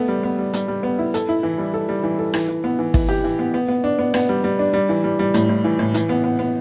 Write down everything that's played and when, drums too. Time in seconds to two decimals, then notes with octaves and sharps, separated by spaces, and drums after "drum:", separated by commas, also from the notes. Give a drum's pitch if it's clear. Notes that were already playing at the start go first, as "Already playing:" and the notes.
Already playing: A3 B3
0.08 G3
0.23 B3
0.39 G3
0.53 G3, drum: hi-hat
0.68 G3
0.83 B3
0.98 E4
1.14 A4, drum: hi-hat
1.29 E4
1.43 E3
1.58 G3
1.74 A4
1.89 G3
2.04 E3
2.19 A4
2.34 E3, drum: rim click
2.48 E3
2.64 B3
2.79 E3
2.94 E3, drum: kick
3.09 G4
3.24 E3
3.39 B3
3.54 B3
3.68 B3
3.84 D4
3.99 B3
4.14 B3, drum: rim click
4.29 G3
4.44 G3
4.59 D4
4.74 G3
4.89 E3
5.04 G3
5.19 G3
5.34 A2, drum: hi-hat
5.49 A2
5.64 E3
5.79 A2
5.94 E3, drum: hi-hat
6.09 B3
6.24 B3
6.39 B3